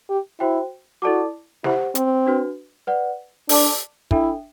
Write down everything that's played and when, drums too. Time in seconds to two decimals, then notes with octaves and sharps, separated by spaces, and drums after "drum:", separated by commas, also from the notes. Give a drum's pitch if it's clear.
0.10 G4
0.40 E4 F#4 C5 G5
1.02 E4 F#4 A4 D5 A5 D6
1.64 E4 G4 C5 F#5, drum: snare
1.95 C4, drum: hi-hat
2.26 D4 F#4 B4
2.87 B4 D5 F#5
3.49 D4 A4 D5 A5 D6, drum: open hi-hat
4.11 D4 E4 A4 E5 G5, drum: kick